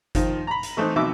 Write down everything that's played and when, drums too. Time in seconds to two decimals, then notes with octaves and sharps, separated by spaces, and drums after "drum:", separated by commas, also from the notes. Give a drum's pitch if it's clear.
0.15 D#3 F3, drum: kick G1, hi-hat
0.47 A#5 B5
0.63 drum: hi-hat
0.77 E3 A3 C4 D#4
0.96 F2 B2 D#3 E5 D6